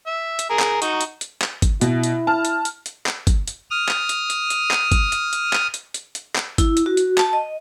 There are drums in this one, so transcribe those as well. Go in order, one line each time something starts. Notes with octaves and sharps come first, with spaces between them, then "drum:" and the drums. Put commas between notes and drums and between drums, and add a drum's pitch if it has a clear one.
E5
drum: hi-hat
G#4 A#4
drum: clap
D#4 F#4, drum: hi-hat
drum: hi-hat
drum: hi-hat
drum: clap
drum: kick, hi-hat
B2 E4, drum: hi-hat
drum: hi-hat
A5 F6
drum: hi-hat
drum: hi-hat
drum: hi-hat
drum: clap
drum: kick, hi-hat
drum: hi-hat
D#6 F6
drum: clap
drum: hi-hat
drum: hi-hat
drum: hi-hat
drum: clap
drum: kick, hi-hat
drum: hi-hat
drum: hi-hat
drum: clap
drum: hi-hat
drum: hi-hat
drum: hi-hat
drum: clap
E4, drum: kick, hi-hat
drum: hi-hat
F#4
drum: hi-hat
A5, drum: clap
D#5